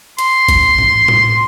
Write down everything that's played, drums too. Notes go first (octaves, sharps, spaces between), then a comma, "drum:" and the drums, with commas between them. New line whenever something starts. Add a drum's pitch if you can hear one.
C6, drum: hi-hat
drum: kick G1, hi-hat
drum: tom G#2
drum: tom A2